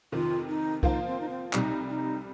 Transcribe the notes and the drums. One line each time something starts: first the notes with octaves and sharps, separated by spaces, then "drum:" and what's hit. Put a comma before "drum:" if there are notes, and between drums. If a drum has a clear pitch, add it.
F2 C3 D#3 F4
D#4
F3 A#3 D#4 F4 C5, drum: kick C2
C4
D#4
C4
C2 C3 G3 D#4, drum: clap
D#4